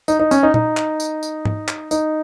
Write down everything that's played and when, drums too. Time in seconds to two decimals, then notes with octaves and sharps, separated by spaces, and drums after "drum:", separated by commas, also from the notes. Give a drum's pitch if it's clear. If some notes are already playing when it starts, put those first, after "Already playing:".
0.08 D#4, drum: tambourine
0.20 D#4
0.31 C#4, drum: tambourine
0.43 D#4
0.54 D#4, drum: tom A#2
0.77 drum: clap
1.00 drum: tambourine
1.23 drum: tambourine
1.45 drum: tom G#2
1.68 drum: clap
1.91 D#4, drum: tambourine